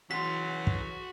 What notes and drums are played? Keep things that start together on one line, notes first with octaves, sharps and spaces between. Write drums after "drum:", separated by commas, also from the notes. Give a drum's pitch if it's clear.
C#3 E3 F#3 F#4 C6 B6
drum: kick